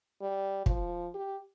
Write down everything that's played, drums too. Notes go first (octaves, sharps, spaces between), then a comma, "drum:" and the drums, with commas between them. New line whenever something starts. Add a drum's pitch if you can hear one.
G3
F3, drum: kick
G4